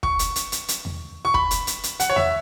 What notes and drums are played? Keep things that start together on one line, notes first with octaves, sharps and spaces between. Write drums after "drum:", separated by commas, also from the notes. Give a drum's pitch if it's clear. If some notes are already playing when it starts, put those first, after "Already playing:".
C#6, drum: kick
drum: hi-hat
drum: hi-hat
drum: hi-hat
drum: hi-hat
drum: tom E2
C#6
B5, drum: kick
drum: hi-hat
drum: hi-hat
drum: hi-hat
F#5, drum: hi-hat
C#5
E5, drum: tom E2